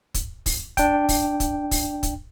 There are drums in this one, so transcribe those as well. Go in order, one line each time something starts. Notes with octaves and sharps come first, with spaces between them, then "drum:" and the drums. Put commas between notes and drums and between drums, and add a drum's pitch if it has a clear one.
drum: kick, hi-hat
drum: kick, open hi-hat
D4 G5, drum: kick, hi-hat
drum: kick, open hi-hat
drum: kick, hi-hat
drum: kick, open hi-hat
drum: kick, hi-hat